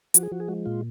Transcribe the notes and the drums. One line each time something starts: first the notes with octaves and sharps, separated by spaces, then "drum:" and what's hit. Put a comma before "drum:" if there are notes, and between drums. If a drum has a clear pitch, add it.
F3 F#4, drum: hi-hat
G#4
F3 F#4
G#4
G#3 F#4
A#2 F4